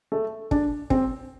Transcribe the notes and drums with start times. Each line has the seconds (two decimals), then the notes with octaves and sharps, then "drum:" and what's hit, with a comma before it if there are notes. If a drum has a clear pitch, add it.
0.12 A3
0.51 D4, drum: kick
0.90 C4, drum: kick